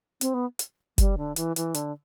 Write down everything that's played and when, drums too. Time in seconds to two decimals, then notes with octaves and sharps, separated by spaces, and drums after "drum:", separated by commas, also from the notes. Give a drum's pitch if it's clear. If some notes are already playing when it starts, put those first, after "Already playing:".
0.21 C4, drum: hi-hat
0.34 B3
0.59 drum: hi-hat
0.98 G3, drum: kick, hi-hat
1.18 D3
1.36 E3, drum: hi-hat
1.56 E3, drum: hi-hat
1.74 D3, drum: hi-hat